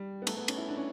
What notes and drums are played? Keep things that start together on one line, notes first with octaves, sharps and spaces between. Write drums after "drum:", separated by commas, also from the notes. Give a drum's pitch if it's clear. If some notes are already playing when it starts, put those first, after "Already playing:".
Already playing: G3
B3
A3, drum: cymbal
B3
C#4, drum: cymbal
E4
D4
C#4